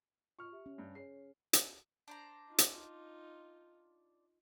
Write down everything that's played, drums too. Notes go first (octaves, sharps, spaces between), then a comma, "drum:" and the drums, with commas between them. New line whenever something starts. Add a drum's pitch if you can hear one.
F4 C#6 F6
G4 E5
C#4
G2
G#4 C#5 C7
drum: hi-hat
D4 C5 A#5
D#4 F4
drum: hi-hat